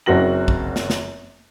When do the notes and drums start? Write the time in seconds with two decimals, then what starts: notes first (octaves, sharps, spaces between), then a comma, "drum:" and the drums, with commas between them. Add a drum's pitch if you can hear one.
0.06 F#1 F#2 C4 F#4 A#6 F#7
0.48 drum: kick
0.76 drum: snare
0.90 drum: snare